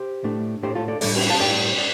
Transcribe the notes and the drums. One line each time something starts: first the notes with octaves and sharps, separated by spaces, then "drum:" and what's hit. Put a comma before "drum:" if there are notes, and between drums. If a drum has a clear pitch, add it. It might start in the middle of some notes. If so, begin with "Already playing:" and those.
Already playing: G4 C5
A2 A3 D4
A2 A3 D4 G4 C5
F4 A4
A4 D5
A2 G3 D4 A4 D5, drum: open hi-hat
drum: cymbal
F5 A5
A2 G3 D4 D5 G5
D5